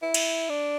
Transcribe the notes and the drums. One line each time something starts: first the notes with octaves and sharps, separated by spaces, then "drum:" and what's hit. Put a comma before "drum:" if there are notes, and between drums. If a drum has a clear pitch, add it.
E4
drum: cymbal
D4